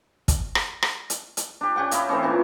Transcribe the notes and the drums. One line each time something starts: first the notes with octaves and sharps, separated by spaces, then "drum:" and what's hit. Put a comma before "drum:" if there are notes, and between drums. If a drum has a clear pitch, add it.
drum: kick, hi-hat
drum: rim click
drum: rim click
drum: hi-hat
drum: hi-hat
D4 G4
C#4 G4 F#5 G5
E4 C#5 D#5 F5, drum: hi-hat
E3 A3 C4 C#4
A#2 E3 C#4